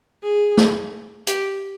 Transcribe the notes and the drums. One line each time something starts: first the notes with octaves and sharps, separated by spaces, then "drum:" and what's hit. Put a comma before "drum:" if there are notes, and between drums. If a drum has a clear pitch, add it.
G#4
drum: snare A3
G4, drum: hi-hat